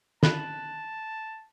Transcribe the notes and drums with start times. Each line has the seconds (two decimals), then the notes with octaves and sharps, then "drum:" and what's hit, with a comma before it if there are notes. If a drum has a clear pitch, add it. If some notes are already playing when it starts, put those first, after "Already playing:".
0.23 A5 B5 F#6, drum: snare